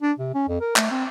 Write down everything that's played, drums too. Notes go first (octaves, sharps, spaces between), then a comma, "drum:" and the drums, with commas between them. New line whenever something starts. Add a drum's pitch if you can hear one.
D4
C3
C#4
F2
A#4
A3, drum: clap
C4